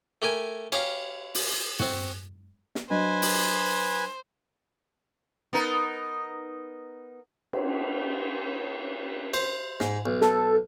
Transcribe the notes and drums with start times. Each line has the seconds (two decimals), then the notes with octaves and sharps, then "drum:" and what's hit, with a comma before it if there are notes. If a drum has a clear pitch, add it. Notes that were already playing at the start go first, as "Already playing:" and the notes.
0.22 A3 G4 A#4 G#5
0.72 C#4 G4 F5 A#5, drum: cymbal
1.35 drum: open hi-hat
1.80 C4 F#4, drum: tom
2.75 drum: snare
2.90 F#3 D4 B4 C5 D#5 G#5
3.22 drum: open hi-hat
5.53 B3 D#4 A#4
7.53 drum: cymbal
9.34 C5, drum: cymbal
9.80 G#2, drum: snare
10.06 B1
10.21 A4, drum: snare